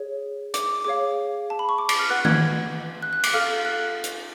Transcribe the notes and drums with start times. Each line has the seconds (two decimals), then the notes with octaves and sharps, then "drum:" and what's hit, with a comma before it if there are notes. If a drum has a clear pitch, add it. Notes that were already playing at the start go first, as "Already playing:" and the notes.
Already playing: G#4 C#5
0.54 D6, drum: hi-hat
0.69 D6
0.85 G#4 C#5 F5 D6
1.50 A5
1.59 B5
1.69 C#6
1.78 D6
1.89 D6, drum: cymbal
1.99 F6
2.10 B4 F#5 F#6
2.25 G#6, drum: tom D#3
3.02 F#6
3.13 F#6
3.24 D6, drum: cymbal
3.34 A4 F5 F6
3.65 F#6
4.04 drum: hi-hat